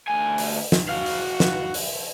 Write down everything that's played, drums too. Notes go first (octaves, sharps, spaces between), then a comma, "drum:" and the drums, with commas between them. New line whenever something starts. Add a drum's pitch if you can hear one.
D2 G#5
drum: open hi-hat
drum: snare
F#4 F5
drum: open hi-hat
drum: snare
drum: open hi-hat